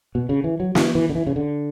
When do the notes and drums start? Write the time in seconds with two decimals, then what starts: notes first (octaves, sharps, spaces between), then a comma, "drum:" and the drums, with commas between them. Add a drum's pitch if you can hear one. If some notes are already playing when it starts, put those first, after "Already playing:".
0.15 B2
0.29 C#3
0.44 E3
0.60 F#3
0.75 E3, drum: snare
0.95 E3
1.09 D3
1.15 E3
1.27 C#3
1.36 D3